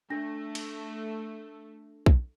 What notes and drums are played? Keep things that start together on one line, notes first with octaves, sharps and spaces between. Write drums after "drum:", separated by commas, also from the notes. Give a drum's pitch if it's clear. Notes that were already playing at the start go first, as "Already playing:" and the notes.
A3 D4 A#6
drum: cymbal
drum: kick B1